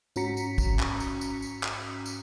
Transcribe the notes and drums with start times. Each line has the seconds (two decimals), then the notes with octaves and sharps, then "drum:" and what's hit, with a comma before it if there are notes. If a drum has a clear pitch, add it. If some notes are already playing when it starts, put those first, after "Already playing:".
0.16 G#2 C#4 F#4 A#5 B6 C#7, drum: tambourine
0.37 drum: tambourine
0.58 drum: kick, tambourine
0.79 drum: clap
1.00 drum: tambourine
1.21 drum: tambourine
1.42 drum: tambourine
1.63 drum: clap
2.06 drum: tambourine